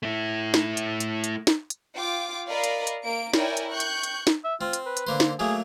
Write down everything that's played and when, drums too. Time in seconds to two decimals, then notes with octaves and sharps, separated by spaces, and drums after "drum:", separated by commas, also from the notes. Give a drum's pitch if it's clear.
0.03 A3 E4
0.54 drum: snare
0.77 drum: hi-hat
1.00 drum: hi-hat
1.24 drum: hi-hat
1.47 drum: snare
1.70 drum: hi-hat
1.97 F4 G5 D6
2.48 A#4 D5 D#5 F5 B5
2.64 drum: hi-hat
2.87 drum: hi-hat
3.03 A#3 D7
3.34 E4 A#4 C#5 D5 G5 G#5, drum: snare
3.57 drum: hi-hat
3.70 G5 C#6 F#6 G6
3.80 drum: hi-hat
4.03 drum: hi-hat
4.27 drum: snare
4.44 E5
4.61 C4 F4
4.73 drum: hi-hat
4.86 B4
4.97 drum: hi-hat
5.07 D3 A#3 C5
5.20 drum: snare
5.39 F#3 A3 A#3 G#4